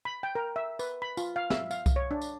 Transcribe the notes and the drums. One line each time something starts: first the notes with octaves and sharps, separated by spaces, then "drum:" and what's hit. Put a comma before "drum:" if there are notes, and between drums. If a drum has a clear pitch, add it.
B5
G5
A#4
E5
B4, drum: tambourine
B5
F4, drum: tambourine
F5
E5, drum: snare
F5, drum: tambourine
drum: kick C2, tambourine
C#5
D4
drum: tambourine